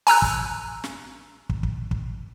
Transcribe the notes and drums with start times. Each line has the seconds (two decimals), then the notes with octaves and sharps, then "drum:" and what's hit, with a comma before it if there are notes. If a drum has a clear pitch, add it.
0.07 G#5 A#5 E6 F#6, drum: open hi-hat
0.22 drum: kick
0.84 drum: snare
1.49 drum: kick
1.63 drum: kick
1.91 drum: kick